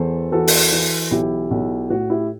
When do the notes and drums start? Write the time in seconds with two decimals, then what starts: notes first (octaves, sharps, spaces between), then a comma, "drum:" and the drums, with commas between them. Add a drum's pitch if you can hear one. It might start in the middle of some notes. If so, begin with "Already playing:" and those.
Already playing: E2 E3 A4 C5
0.32 E3 F#4 A4
0.48 drum: open hi-hat
0.72 E3
1.11 B1 E4 G4
1.51 B1
1.90 A2 F#4
2.10 E4 G4